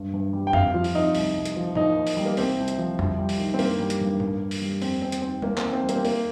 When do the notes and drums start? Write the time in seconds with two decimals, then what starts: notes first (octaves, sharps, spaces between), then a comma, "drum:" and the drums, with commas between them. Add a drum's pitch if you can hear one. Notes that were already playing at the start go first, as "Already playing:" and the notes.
Already playing: G2
0.14 G2
0.33 G3
0.47 G5
0.53 F2 F5, drum: tom F2
0.74 F3 F4
0.84 drum: open hi-hat
0.94 F2 D#4
1.15 C2, drum: open hi-hat
1.35 C2
1.45 drum: hi-hat
1.56 F3
1.75 D#2 D#4, drum: tom A2
1.96 D#2
2.07 drum: open hi-hat
2.17 G3
2.25 A#3
2.37 C2 C4, drum: open hi-hat
2.58 C2
2.68 drum: hi-hat
2.78 F3
2.99 C2, drum: tom F2
3.19 G3
3.29 drum: open hi-hat
3.39 D#3
3.54 C4
3.59 G2 A#3, drum: open hi-hat
3.80 G3
3.90 drum: hi-hat
4.01 G2
4.20 D#2, drum: tom A2
4.41 D#2
4.51 drum: open hi-hat
4.61 G3
4.82 F2 C4, drum: open hi-hat
5.02 F2 C4
5.12 drum: hi-hat
5.22 D#3 C4
5.42 D#2 A#3, drum: tom G3
5.58 C4, drum: clap
5.63 D#2
5.73 C4
5.83 G3
5.89 A#3, drum: hi-hat
5.96 C4
6.05 D#2 A#3, drum: open hi-hat